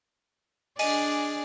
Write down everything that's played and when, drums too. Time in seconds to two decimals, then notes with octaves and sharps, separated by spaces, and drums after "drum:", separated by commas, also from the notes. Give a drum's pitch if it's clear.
0.79 D4 G#4 D5 D#5 G#5 D#7, drum: open hi-hat